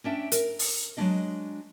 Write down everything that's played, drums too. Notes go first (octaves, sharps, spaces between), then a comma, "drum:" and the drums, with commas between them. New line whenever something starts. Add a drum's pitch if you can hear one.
C#4 D4 E5 G5
A#4, drum: hi-hat
drum: open hi-hat
F#3 G#3 A#3 C#4 D4 D#5